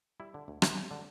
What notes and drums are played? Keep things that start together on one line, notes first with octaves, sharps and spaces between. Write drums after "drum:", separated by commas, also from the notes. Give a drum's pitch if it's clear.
G3 E4
D3
D2
D2, drum: rim click
G3
D3